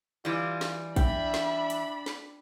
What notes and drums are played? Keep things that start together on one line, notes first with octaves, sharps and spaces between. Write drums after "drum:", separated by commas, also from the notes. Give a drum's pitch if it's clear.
E3 G3 F4
drum: snare
D4 E5 G5 B5, drum: kick A#1, hi-hat
drum: snare
drum: hi-hat
drum: snare